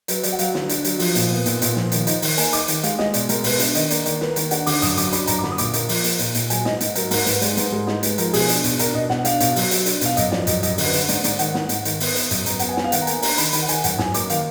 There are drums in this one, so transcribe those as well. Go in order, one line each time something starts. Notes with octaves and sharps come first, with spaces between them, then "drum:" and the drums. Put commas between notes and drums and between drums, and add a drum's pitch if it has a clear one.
F#3 B4, drum: hi-hat
F#3 D5, drum: hi-hat
F#5
F#3 F5, drum: hi-hat
D3, drum: snare
D4, drum: hi-hat
F#3, drum: hi-hat
F3, drum: open hi-hat
A#2, drum: hi-hat
B3
A#2, drum: hi-hat
A#2, drum: hi-hat
F3, drum: snare
D#3, drum: hi-hat
D#4, drum: hi-hat
D#3, drum: open hi-hat
A#3 G#5, drum: hi-hat
D#4 D6, drum: hi-hat
D#3, drum: hi-hat
G#3 F5, drum: hi-hat
G#3 D#5, drum: snare
B2 D5, drum: hi-hat
G#3 A#4, drum: hi-hat
B2 B4, drum: open hi-hat
D4 D5, drum: hi-hat
D#3 D#5, drum: hi-hat
A#3 D5, drum: hi-hat
D#3 D5, drum: hi-hat
A#3 B4, drum: snare
D#3 A#4, drum: hi-hat
D4 F#5, drum: hi-hat
D3 D6, drum: open hi-hat
F#2 D#6, drum: hi-hat
F#3 D6, drum: hi-hat
D6
D4 B5, drum: hi-hat
F#2 A#5, drum: hi-hat
D6
D3 B5, drum: snare
D#6
A#2 D6, drum: hi-hat
A#3, drum: hi-hat
F3, drum: open hi-hat
A#3, drum: hi-hat
A#2, drum: hi-hat
A#2, drum: hi-hat
F#3 G#5, drum: hi-hat
G#2 D#5, drum: snare
G#2 D#5, drum: hi-hat
F#3 A#4, drum: hi-hat
G#2 A#4, drum: open hi-hat
G#2 B4, drum: hi-hat
G#3 D5, drum: hi-hat
G#2 B4, drum: hi-hat
G#3 A#4
D#4 G#4, drum: snare
G#3 B4, drum: hi-hat
F3 A#4, drum: hi-hat
B2 G#4, drum: open hi-hat
D4, drum: hi-hat
B2, drum: hi-hat
D4 A#4, drum: hi-hat
B2 D#5
B2 F#5, drum: snare
D4 F5, drum: hi-hat
B2, drum: hi-hat
F#3, drum: open hi-hat
F#3, drum: hi-hat
D4, drum: hi-hat
B2 F5, drum: hi-hat
F#2 D#5, drum: hi-hat
F3 D5, drum: snare
F#2 D#5, drum: hi-hat
F#2 D#5, drum: hi-hat
D3, drum: open hi-hat
B4
D3, drum: hi-hat
G#2 D5, drum: hi-hat
G#2 D5, drum: hi-hat
D#3 F#5, drum: hi-hat
G#2, drum: snare
G#2, drum: hi-hat
D#3, drum: hi-hat
B3, drum: open hi-hat
B3, drum: hi-hat
F#2, drum: hi-hat
F#2 A#5, drum: hi-hat
B3 F#5, drum: hi-hat
G#5
B3, drum: snare
F5
D#3 F#5, drum: hi-hat
A#5
A#3 G#5, drum: hi-hat
D4 A#5, drum: open hi-hat
D#3 B5, drum: hi-hat
D#3 B5, drum: hi-hat
F#5
D#3 G#5, drum: hi-hat
F#2 F#5, drum: hi-hat
F#2 G#5, drum: snare
A#3 D6, drum: hi-hat
D#3 F5, drum: hi-hat